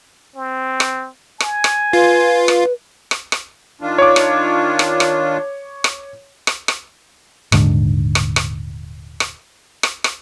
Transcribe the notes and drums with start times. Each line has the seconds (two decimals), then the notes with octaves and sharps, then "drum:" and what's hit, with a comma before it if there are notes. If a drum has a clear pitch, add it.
0.36 C4
0.80 drum: rim click
1.40 G#5, drum: rim click
1.64 drum: rim click
1.93 F4 B4
2.48 drum: rim click
3.11 drum: rim click
3.32 drum: rim click
3.81 D#3 D4 F4
3.98 C#5 D6
4.16 drum: rim click
4.79 drum: rim click
5.00 drum: rim click
5.84 drum: rim click
6.47 drum: rim click
6.68 drum: rim click
7.52 D#1 G#2 D3, drum: rim click
8.15 drum: rim click
8.36 drum: rim click
9.20 drum: rim click
9.83 drum: rim click
10.04 drum: rim click